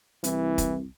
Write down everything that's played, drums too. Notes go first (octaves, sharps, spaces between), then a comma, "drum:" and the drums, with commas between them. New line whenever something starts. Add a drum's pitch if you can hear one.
C2 E3, drum: hi-hat
drum: kick, hi-hat